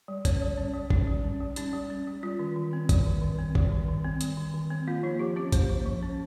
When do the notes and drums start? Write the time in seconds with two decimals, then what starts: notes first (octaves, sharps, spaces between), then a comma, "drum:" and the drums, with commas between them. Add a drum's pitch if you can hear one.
0.08 G3
0.25 C#4 C#5, drum: kick, hi-hat
0.42 G3
0.57 C#4
0.74 G3
0.90 C#4 D#4, drum: kick
1.07 G3
1.24 C#4
1.40 G3
1.56 C#4 D#4, drum: hi-hat
1.73 G3
1.90 C#4
2.07 G3
2.23 G3 F4
2.39 D#3
2.56 D#3
2.73 C4
2.89 G3, drum: kick, hi-hat
3.06 D#3
3.22 D#3
3.38 C4
3.55 G3, drum: kick
3.71 D#3
3.89 D#3
4.05 C4
4.21 G3, drum: hi-hat
4.37 D#3
4.54 D#3
4.70 C4
4.88 A#3 F4
5.03 F3 D#4
5.19 F3 G4
5.36 C#4 G4
5.52 A#3 C5, drum: kick, hi-hat
5.70 F3
5.86 F3
6.03 C#4